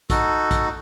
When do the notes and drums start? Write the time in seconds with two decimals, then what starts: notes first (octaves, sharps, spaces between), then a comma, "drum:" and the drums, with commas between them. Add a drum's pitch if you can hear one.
0.10 D#4 F#4 A4, drum: kick, hi-hat
0.51 drum: kick, hi-hat